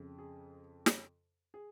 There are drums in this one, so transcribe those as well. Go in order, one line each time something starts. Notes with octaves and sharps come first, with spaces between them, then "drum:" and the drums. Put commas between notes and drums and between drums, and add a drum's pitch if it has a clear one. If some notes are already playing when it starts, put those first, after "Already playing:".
Already playing: F2 C#3
G#4
drum: snare
G#4